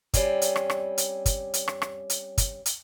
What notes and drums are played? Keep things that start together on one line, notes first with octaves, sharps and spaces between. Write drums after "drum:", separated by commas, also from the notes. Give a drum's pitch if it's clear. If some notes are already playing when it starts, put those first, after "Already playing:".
G3 C4 C#4 D5, drum: kick, hi-hat
drum: hi-hat
drum: rim click
drum: rim click
drum: hi-hat
drum: kick, hi-hat
drum: hi-hat
drum: rim click
drum: rim click
drum: hi-hat
drum: kick, hi-hat
drum: hi-hat